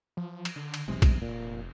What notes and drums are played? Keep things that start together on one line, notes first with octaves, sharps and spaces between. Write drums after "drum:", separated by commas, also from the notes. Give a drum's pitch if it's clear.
F3
drum: cymbal
D3
drum: cymbal
E1 B1 C3 G#3
drum: kick B1, cymbal
F1 A#2